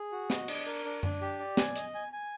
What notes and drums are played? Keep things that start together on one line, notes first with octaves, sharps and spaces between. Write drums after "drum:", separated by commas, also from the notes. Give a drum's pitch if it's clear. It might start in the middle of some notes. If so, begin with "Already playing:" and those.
Already playing: G#4
F#4
D#5, drum: snare
D4, drum: cymbal
A#4
D4
D4, drum: tom F#2
G4
D5
G#5, drum: snare
D#5, drum: hi-hat
G#5
G#5